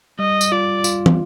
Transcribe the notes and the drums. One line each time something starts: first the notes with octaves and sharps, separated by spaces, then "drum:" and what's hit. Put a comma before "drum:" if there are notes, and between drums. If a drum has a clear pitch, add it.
G3 D#5
drum: tambourine
F4 D5
F4, drum: tambourine
drum: tom